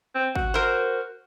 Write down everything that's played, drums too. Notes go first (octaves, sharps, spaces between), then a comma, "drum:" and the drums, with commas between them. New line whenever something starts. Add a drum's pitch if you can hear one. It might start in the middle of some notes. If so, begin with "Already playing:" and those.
C4
F#4, drum: kick
A#4 C5